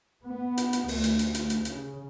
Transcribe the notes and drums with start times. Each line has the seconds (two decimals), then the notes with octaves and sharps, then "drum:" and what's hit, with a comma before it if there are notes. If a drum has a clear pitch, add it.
0.24 B3
0.57 drum: hi-hat
0.73 drum: hi-hat
0.88 D2, drum: open hi-hat
1.04 drum: hi-hat
1.19 drum: hi-hat
1.34 drum: hi-hat
1.50 drum: hi-hat
1.65 C#3, drum: hi-hat